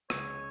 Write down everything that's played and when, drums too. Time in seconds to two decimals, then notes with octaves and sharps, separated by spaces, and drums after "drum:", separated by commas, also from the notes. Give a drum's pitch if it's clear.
0.10 C#2 C#3 G#3 C#5, drum: rim click